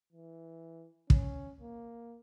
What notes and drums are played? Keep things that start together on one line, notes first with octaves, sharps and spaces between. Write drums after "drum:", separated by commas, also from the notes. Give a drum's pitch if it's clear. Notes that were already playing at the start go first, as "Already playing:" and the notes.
E3
C#4, drum: kick
A#3